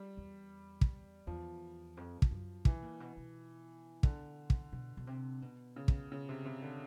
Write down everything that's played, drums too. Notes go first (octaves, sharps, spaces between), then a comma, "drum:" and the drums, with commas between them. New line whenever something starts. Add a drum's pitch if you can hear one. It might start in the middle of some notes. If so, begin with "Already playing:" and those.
Already playing: G3
E2
drum: kick
E2 F3
F2
F2, drum: kick
F#2
B2 E3, drum: kick
A#2
B2
B2
D3, drum: kick
drum: kick
B2
B2
C3
B2
C#3
drum: kick
C#3
C3
C3
D3